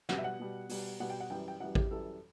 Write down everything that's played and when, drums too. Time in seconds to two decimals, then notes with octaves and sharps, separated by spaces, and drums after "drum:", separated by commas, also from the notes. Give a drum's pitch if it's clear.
0.09 B2 G3 F#5, drum: snare
0.18 E5
0.24 F#5
0.39 B2 G3
0.69 B2 G3, drum: open hi-hat
1.00 B2 G3 F#5
1.10 G5
1.20 F#5
1.30 F#2 E3 G3 G5
1.48 G5
1.60 F#2 E3 G3 F#5
1.75 G4, drum: kick A1
1.91 F#2 E3 G3 A4